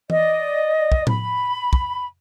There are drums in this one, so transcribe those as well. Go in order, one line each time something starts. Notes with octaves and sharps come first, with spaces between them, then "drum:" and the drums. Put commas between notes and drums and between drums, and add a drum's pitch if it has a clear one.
D5 D#5, drum: tom E3
drum: kick
B5, drum: tom A2
drum: kick